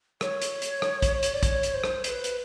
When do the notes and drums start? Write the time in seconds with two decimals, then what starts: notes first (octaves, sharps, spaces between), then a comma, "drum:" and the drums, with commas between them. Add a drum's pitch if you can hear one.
0.21 C#5, drum: rim click
0.42 drum: hi-hat
0.62 drum: hi-hat
0.82 drum: rim click
1.02 drum: kick, hi-hat
1.23 drum: hi-hat
1.34 D5
1.43 C#5, drum: kick, hi-hat
1.63 drum: hi-hat
1.74 C5
1.84 drum: rim click
2.04 C5, drum: hi-hat
2.09 B4
2.24 drum: hi-hat